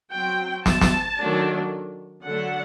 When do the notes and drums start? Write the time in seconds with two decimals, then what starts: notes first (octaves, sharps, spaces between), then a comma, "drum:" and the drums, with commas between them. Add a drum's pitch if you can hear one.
0.13 F#3 C4 G5
0.66 A5, drum: snare
0.81 drum: snare
1.19 D#3 F#3 A3 D4
2.24 D3 F#3 A3 D4 F#5